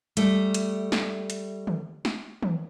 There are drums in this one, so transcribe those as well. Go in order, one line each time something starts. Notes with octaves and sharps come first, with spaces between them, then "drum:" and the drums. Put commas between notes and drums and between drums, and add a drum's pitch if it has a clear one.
G3 A3, drum: hi-hat
drum: hi-hat
drum: snare
drum: hi-hat
drum: tom D3
drum: snare
drum: tom